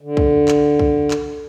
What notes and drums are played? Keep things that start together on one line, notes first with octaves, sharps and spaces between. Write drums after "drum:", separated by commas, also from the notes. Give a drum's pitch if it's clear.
D3
drum: kick B1
drum: clap
drum: kick B1
drum: clap